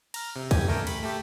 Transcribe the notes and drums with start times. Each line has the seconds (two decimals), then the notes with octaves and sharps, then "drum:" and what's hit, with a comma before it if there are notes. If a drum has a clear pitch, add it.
0.14 A#5 F6, drum: cymbal
0.36 C3
0.51 G4 G#5, drum: kick, cymbal
0.68 A3 A#4 G5
0.87 B5, drum: cymbal
1.03 A3 G4